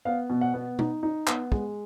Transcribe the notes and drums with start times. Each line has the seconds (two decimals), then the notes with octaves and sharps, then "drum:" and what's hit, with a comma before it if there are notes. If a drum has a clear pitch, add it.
0.05 B3 F5
0.30 B2
0.41 F#5
0.54 B3
0.79 D#4, drum: tom B2
1.03 D#4
1.27 B3, drum: clap
1.52 G#3, drum: kick